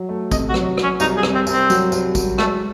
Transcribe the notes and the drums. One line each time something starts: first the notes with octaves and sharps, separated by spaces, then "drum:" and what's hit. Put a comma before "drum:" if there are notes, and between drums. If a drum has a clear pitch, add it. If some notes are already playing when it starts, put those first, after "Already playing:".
Already playing: F#3
A3
C3 D#5, drum: kick A1, tambourine
F#4
F#3, drum: rim click
F#3, drum: rim click
C#4
C2 D#4, drum: tambourine
G#4
C3, drum: rim click
C4
C2, drum: tambourine
C4
F#3, drum: tambourine
C2, drum: tambourine
F#3, drum: kick A1, tambourine
G#3 A3, drum: rim click